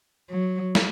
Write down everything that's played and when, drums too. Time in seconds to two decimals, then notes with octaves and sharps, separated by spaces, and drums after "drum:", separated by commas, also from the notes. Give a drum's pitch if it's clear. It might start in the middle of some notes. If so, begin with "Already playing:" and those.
0.30 F#3
0.75 drum: snare